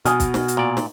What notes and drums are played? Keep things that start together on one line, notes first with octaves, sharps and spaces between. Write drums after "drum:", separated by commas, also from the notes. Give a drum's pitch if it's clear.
B2 F#4 G#5 D#6 F6, drum: hi-hat
drum: kick, hi-hat
drum: snare
drum: hi-hat
A#2 D5
drum: snare